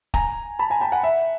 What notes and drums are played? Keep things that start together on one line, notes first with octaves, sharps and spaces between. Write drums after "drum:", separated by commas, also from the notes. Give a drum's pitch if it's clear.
G#5 A#5, drum: kick
A5 B5
G#5 A#5
G5 A5
F#5 G#5
E5 F#5